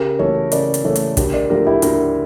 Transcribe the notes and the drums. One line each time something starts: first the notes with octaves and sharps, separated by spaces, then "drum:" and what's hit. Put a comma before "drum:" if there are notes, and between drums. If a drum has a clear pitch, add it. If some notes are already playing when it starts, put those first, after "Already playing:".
Already playing: C#3 G4 A#4
E3 A3 A4 C#5
C#3 A#4 D5, drum: hi-hat
drum: hi-hat
E3 A3 A4 C#5
drum: hi-hat
D2 G4 A#4, drum: kick, hi-hat
A#4 D5
D3 F3 A3 G4 A#4
E4 G4
D2 G4 A#4, drum: hi-hat